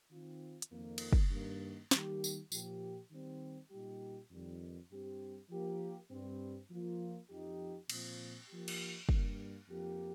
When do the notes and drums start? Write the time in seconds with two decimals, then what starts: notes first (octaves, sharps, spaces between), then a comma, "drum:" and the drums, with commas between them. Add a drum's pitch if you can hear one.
0.11 D#3 C4 F4
0.62 drum: hi-hat
0.72 F2 D#3 A#3
0.98 drum: cymbal
1.13 drum: kick
1.31 G2 D#3 A#3
1.91 D#3 G3 A#3 G4, drum: snare
2.24 drum: tambourine
2.52 A#2 F3 A#3 G4, drum: tambourine
3.12 D#3 G3 C4
3.71 A#2 G3 D#4 G4
4.31 F2 D#3 G3
4.91 G2 G3 C4 G4
5.50 F3 A#3 G4
6.11 G2 G3 C4
6.70 F3 A#3 F4
7.29 F2 F3 D#4 G4
7.90 A#2 F3 C4, drum: cymbal
8.49 F3 A#3 G4
8.68 drum: cymbal
9.09 G2 G3 A#3, drum: kick
9.69 F2 F3 A#3 G4